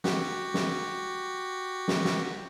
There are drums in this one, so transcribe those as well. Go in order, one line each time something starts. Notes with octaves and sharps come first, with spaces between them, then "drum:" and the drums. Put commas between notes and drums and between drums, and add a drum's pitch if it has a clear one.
F#4 G4, drum: snare
drum: snare
drum: snare
drum: snare